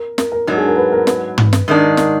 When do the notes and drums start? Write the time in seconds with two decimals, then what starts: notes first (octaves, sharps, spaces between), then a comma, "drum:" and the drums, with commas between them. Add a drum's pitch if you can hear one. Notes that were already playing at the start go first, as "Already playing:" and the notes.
Already playing: A#4
0.18 A#4, drum: snare
0.32 A#4
0.47 G#2 F#3 D4 A#4
0.58 G#4
0.67 A#4
0.77 B4
0.92 A#4
1.07 B4, drum: snare
1.38 drum: tom
1.53 drum: snare
1.68 G#2 D#3 G#3 D4 A#4
1.82 A#4
1.97 A#4, drum: snare